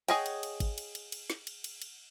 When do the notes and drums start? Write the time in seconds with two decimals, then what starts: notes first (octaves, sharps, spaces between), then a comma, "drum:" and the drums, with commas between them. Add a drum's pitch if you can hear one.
0.08 G#4 C#5 D#5 F#5 G5, drum: cymbal
0.26 drum: cymbal
0.43 drum: cymbal
0.60 drum: kick G#1, cymbal
0.78 drum: cymbal
0.95 drum: cymbal
1.12 drum: cymbal
1.30 drum: snare
1.47 drum: cymbal
1.64 drum: cymbal
1.82 drum: cymbal